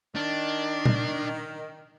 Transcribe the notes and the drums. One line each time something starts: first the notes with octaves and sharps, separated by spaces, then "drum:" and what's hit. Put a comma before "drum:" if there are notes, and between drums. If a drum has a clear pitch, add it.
D#3 D4
drum: tom A#2